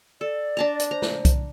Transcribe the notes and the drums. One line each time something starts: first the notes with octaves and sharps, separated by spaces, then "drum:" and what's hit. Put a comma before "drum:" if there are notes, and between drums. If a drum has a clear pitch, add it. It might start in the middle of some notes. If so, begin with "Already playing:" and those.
A4 D5
D4 A5 A#5
drum: hi-hat
C5 A#5
drum: snare
drum: kick C2, hi-hat